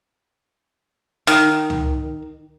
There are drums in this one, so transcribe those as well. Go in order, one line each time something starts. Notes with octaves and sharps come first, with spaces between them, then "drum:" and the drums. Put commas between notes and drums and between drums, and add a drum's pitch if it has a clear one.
D#3, drum: hi-hat
drum: tom C#2